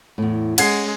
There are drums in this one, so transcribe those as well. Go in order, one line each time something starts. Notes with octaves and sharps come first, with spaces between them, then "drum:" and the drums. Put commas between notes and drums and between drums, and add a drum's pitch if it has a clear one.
E2 A2
G#3 C#4 G#4 F#5 G#6 C7, drum: cymbal